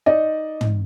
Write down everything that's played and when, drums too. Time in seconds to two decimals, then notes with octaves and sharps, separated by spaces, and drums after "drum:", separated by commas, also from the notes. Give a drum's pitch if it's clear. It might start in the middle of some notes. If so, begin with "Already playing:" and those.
0.06 D#4 D5 D#5
0.61 drum: tom